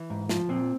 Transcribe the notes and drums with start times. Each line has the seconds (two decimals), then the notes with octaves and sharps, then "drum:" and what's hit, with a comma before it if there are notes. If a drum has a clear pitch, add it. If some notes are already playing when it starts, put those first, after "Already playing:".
Already playing: E3
0.10 G#2
0.29 F3, drum: snare
0.49 A#2 C4